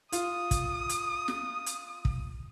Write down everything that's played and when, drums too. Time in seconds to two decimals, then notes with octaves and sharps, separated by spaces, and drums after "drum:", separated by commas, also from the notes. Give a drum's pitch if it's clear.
0.12 F4 D#6, drum: hi-hat
0.51 drum: kick, hi-hat
0.89 drum: hi-hat
1.28 drum: snare
1.66 drum: hi-hat
2.05 drum: kick